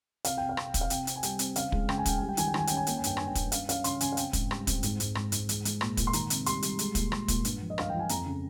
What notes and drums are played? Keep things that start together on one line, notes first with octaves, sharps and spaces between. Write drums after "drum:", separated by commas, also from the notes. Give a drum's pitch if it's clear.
C3 F5, drum: hi-hat
C3 G5
F5
C3, drum: rim click
C3, drum: kick, hi-hat
F5
C3 G5, drum: hi-hat
C4, drum: hi-hat
G#5
G3 G5, drum: hi-hat
C4, drum: hi-hat
C#3 F5, drum: hi-hat
G#3, drum: kick
C#3 G5, drum: rim click
G#5
C#3 G5, drum: kick, hi-hat
G3 G#5
G5
D#3 G#5, drum: hi-hat
G5
D#3 G#5, drum: rim click
C#4 G5, drum: hi-hat
G#5
A#3 G5, drum: hi-hat
G#5
G2 G5, drum: hi-hat
G2 G#5, drum: rim click
G5
G2, drum: kick, hi-hat
C#4 F5, drum: hi-hat
C#4 F5, drum: hi-hat
C#3 C6, drum: hi-hat
C#3 G#5, drum: hi-hat
F5
C4 G5, drum: hi-hat
G#2, drum: kick, hi-hat
G3, drum: rim click
C4, drum: kick, hi-hat
G#2, drum: hi-hat
G#2, drum: hi-hat
G#2, drum: rim click
G#2, drum: hi-hat
G#3, drum: hi-hat
G#3, drum: hi-hat
A#2, drum: rim click
A#2, drum: kick, hi-hat
C6
D#3 A#5, drum: hi-hat
C3, drum: hi-hat
G3 C6, drum: hi-hat
G3, drum: hi-hat
G#3, drum: hi-hat
A#2, drum: kick, hi-hat
G#3, drum: rim click
A#2, drum: kick, hi-hat
G2, drum: hi-hat
F3
D#5
G2 F5, drum: rim click
F3 G5
G#5
F2 A#5, drum: hi-hat
C#3